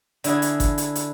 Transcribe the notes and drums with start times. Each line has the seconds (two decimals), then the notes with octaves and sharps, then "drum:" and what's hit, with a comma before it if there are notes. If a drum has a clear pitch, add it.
0.24 D3 E4 G#4, drum: hi-hat
0.42 drum: hi-hat
0.60 drum: kick G1, hi-hat
0.78 drum: hi-hat
0.95 drum: hi-hat